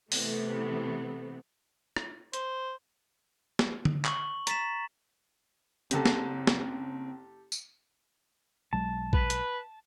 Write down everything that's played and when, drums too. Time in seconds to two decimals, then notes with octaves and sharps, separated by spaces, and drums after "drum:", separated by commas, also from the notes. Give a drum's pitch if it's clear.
0.12 C3 E3 A3 B3, drum: open hi-hat
1.97 drum: rim click
2.33 C5, drum: hi-hat
3.59 drum: snare
3.85 drum: tom D3
4.05 C#6 F#7, drum: clap
4.47 A#5 A6 B6 E7, drum: hi-hat
5.91 F#1 C4 C#4 G4 A4, drum: hi-hat
6.06 drum: snare
6.47 drum: snare
7.52 drum: tambourine
8.73 B1 F#3 G#3 A5
9.13 B4, drum: kick A#1
9.30 drum: hi-hat